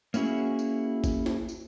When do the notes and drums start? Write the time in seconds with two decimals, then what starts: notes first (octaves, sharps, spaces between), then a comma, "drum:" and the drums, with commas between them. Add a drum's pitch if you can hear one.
0.14 A#3 C#4 E4 F#4 G#4, drum: tambourine
0.59 drum: tambourine
1.04 drum: kick G#1, tambourine
1.26 drum: snare
1.49 drum: tambourine